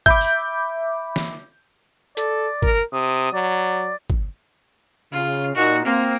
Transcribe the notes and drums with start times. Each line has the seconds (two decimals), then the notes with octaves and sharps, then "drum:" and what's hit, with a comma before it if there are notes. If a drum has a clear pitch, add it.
0.06 E5 B5 D6 G6, drum: kick
0.21 drum: tambourine
1.16 drum: snare
2.17 A4 D5, drum: hi-hat
2.62 A#4, drum: kick
2.93 C3 D#6
3.33 F#3 D5
4.10 drum: kick
5.12 C#3 F4
5.55 A#2 D#4 F#4
5.85 A#3 C4